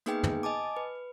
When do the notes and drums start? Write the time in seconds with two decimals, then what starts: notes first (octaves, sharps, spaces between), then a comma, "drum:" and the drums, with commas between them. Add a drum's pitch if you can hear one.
0.06 A#3 B3 D#4 G#4 B4 G5, drum: hi-hat
0.23 drum: tom
0.43 D#5 G#5 A5 D6
0.77 B4